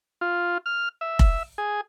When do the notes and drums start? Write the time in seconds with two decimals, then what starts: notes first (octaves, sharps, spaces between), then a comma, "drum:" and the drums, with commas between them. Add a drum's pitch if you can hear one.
0.21 F4
0.66 F6
1.01 E5
1.19 drum: kick F1
1.58 G#4